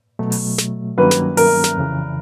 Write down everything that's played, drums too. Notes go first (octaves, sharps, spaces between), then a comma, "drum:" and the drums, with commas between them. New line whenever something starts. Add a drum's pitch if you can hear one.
B2 F#3 A3
drum: open hi-hat
drum: snare
G2 D#3 F#3 A#3 C#4 B4
drum: snare
A#4, drum: open hi-hat
drum: snare
F2 C#3 E3